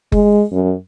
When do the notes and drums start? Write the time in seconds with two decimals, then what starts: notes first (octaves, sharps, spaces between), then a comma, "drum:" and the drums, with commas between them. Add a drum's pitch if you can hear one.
0.12 G#3, drum: kick F#1
0.52 F#2